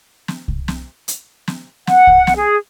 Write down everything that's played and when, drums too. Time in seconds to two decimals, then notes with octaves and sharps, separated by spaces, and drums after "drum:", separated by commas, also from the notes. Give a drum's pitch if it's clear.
0.28 drum: snare
0.48 drum: kick C2
0.68 drum: snare
1.08 drum: hi-hat
1.48 drum: snare
1.87 F#5, drum: snare
2.07 drum: kick C2
2.27 drum: snare
2.37 G#4